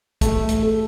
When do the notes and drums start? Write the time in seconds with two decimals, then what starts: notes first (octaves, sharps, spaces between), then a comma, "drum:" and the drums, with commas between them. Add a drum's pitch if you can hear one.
0.21 A3, drum: kick, hi-hat
0.49 drum: hi-hat
0.62 A4